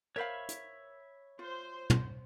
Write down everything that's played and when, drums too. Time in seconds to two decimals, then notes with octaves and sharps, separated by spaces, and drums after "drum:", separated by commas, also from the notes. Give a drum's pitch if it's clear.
0.16 A#4 C5 C#5 E5 F5 B5
0.49 drum: hi-hat
1.39 F4 C5
1.90 drum: tom